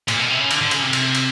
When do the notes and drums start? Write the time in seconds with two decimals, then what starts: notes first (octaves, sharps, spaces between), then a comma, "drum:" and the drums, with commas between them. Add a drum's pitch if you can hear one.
0.08 A#2, drum: cymbal
0.19 B2
0.30 C3
0.40 C#3
0.51 D3, drum: cymbal
0.61 D3
0.71 C#3, drum: cymbal
0.82 C3
0.93 drum: cymbal
1.15 drum: cymbal